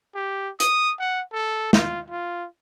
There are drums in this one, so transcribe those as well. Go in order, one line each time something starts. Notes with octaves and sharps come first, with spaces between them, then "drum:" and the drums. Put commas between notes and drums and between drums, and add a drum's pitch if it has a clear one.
G4
D#6, drum: hi-hat
F#5
A4
F4, drum: snare
F4